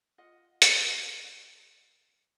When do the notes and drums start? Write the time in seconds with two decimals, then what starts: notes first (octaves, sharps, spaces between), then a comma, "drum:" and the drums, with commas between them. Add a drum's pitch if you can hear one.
0.18 F4 D#5 F#5
0.62 drum: hi-hat